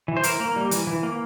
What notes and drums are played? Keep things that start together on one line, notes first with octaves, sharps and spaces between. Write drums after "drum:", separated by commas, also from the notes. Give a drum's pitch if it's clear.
E3
C5
E3 A#4, drum: hi-hat
A#3
G3
E3, drum: hi-hat
E3
A#3